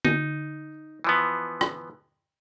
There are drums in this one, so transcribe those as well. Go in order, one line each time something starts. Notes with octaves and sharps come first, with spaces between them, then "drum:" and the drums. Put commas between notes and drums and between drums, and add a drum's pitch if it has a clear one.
D#4, drum: tom
E3 F3 B3
drum: rim click